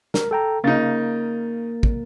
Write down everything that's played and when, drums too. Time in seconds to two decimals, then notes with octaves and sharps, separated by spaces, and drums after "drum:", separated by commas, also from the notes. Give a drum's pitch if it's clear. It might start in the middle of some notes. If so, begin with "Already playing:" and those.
0.14 A#4, drum: snare
0.31 A4 G5 A#5
0.64 C#3 A#3 D#4 A#4 A6
1.83 drum: kick